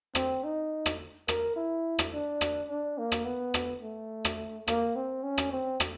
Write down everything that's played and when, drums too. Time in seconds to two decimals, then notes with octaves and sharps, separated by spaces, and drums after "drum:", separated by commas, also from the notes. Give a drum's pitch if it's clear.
0.15 C4, drum: rim click
0.44 D#4
0.86 drum: rim click
1.28 A#4, drum: rim click
1.56 E4
1.99 drum: rim click
2.13 D4
2.41 drum: rim click
2.69 D4
2.98 A#3
3.12 drum: rim click
3.25 B3
3.54 drum: rim click
3.82 A3
4.25 drum: rim click
4.67 A#3, drum: rim click
4.96 C4
5.23 C#4
5.38 drum: rim click
5.52 C4
5.80 drum: rim click